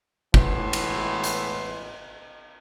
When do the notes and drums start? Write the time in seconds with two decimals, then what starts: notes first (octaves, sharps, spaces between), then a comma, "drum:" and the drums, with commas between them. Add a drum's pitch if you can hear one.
0.34 A2 E3 G#3 B3 E5 C6, drum: kick
0.73 drum: cymbal
1.24 drum: hi-hat